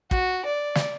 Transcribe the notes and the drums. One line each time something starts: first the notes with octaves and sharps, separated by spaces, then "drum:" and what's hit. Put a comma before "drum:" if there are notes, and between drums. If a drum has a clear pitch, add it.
F#4, drum: kick
D5
drum: snare